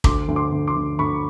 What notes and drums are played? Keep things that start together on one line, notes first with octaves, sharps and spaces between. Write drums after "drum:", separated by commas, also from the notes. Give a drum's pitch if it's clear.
D2 C6 D6, drum: kick
D2
C6 D6
D2
C6 D6
D2
D2 B5 C#6